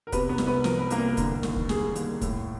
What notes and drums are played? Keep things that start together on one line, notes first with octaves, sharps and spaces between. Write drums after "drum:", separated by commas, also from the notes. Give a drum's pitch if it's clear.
A#4
C3 B3 B4, drum: kick, hi-hat
B3 B4
C2, drum: snare
B3 B4
F3 A#4, drum: snare
B4
C2 A#3 A#4, drum: hi-hat
D3, drum: kick, hi-hat
D#2, drum: snare
drum: kick
G3 G#4, drum: snare
D#2, drum: hi-hat
A2, drum: kick, hi-hat